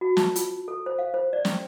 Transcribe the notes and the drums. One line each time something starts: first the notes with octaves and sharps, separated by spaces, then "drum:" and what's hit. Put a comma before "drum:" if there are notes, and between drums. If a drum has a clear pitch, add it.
F#4
A5, drum: snare
F4, drum: hi-hat
A4
C5
F5
C5
D5
C#4, drum: snare